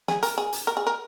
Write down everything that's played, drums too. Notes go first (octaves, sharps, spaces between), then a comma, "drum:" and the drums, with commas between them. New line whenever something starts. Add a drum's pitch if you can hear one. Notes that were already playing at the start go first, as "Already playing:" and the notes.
G#4, drum: snare
A#4, drum: hi-hat
G#4
drum: hi-hat
A#4
G#4
A#4